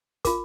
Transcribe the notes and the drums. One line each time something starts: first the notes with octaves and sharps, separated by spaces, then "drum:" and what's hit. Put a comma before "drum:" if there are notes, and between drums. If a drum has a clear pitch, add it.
F4 A#4 D6, drum: kick, hi-hat